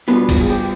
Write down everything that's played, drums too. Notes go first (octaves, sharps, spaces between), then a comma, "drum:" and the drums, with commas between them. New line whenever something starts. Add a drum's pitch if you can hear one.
B2 G3 B3 D4 F4 B4
drum: kick, cymbal
G#4
G4